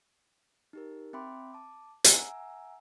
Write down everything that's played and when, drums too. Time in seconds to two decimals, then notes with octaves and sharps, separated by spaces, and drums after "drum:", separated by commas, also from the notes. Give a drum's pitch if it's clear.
0.73 D#4 G4 A#4
1.13 C4 E5 G5 B5 C6 D6
1.53 A5 D6
2.04 E5 F#5 G#5 A#5 E6, drum: hi-hat